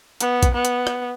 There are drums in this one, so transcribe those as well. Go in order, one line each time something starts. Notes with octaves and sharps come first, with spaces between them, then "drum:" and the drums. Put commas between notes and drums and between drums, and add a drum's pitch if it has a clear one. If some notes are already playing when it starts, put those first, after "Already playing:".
B3, drum: hi-hat
drum: kick A#1, hi-hat
B3
drum: hi-hat
drum: rim click